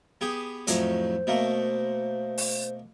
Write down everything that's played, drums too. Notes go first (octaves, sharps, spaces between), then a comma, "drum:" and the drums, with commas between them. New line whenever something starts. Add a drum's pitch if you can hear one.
B3 G4 G#4
F2 A2 F#3 C5, drum: hi-hat
B2 A3 A#3
drum: open hi-hat